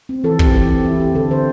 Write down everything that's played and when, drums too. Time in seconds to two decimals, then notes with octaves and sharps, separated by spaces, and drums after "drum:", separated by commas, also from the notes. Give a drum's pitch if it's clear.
0.09 C4
0.24 E3 A4
0.39 C4 G4, drum: kick
0.54 E3 G4
0.70 C4 G4
0.84 E3 E4
1.00 C4 G4
1.15 D3 A4
1.31 C4 C5